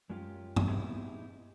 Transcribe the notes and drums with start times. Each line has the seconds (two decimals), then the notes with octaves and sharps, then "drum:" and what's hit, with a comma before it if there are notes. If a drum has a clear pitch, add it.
0.10 F#2 G#3 C#4 F4 G4
0.56 drum: tom G2
0.68 B3 C4 D#4 E4 G4 G#4